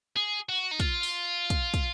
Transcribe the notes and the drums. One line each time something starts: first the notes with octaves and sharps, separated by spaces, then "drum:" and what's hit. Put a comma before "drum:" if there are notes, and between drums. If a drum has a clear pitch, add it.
G#4
F#4
D#4
F4, drum: kick, hi-hat
drum: open hi-hat
drum: kick, hi-hat
drum: kick, hi-hat